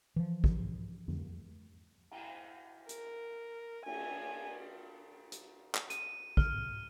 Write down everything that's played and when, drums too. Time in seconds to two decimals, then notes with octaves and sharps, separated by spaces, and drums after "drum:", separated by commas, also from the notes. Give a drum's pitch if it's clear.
0.16 E3 F3
0.44 drum: kick
1.08 drum: tom F2
2.11 drum: cymbal
2.89 A#4, drum: hi-hat
3.86 G#5, drum: cymbal
5.32 drum: hi-hat
5.75 drum: clap
5.90 D#7, drum: hi-hat
6.37 F6, drum: kick